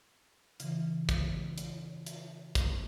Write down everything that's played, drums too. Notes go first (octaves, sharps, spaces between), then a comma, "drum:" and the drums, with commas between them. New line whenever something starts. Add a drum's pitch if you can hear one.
C#3 E3, drum: hi-hat
drum: kick, hi-hat
drum: hi-hat
drum: hi-hat
drum: kick, hi-hat